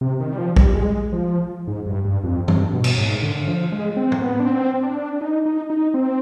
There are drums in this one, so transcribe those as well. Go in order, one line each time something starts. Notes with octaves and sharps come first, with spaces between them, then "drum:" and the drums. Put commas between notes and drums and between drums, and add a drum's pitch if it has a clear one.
C3
D#3
G3
F3
G3, drum: kick
G#3
F3
G#2
G2
G2
F2
G2, drum: tom
B2
drum: cymbal
G#2
D3
F3
G#3
C4
drum: tom
B3
D4
C4
D4
D#4
D#4
D#4
C4